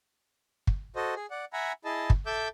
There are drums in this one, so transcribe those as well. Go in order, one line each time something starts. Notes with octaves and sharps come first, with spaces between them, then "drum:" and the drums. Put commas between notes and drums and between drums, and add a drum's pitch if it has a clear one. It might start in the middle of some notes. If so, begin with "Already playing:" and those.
drum: kick
F#4 A4 C5 D#5
G#4
D5 F#5
E5 F#5 G#5 A#5 B5
E4 G#4 D#5 A5
drum: kick
A4 E5 D6 E6 G6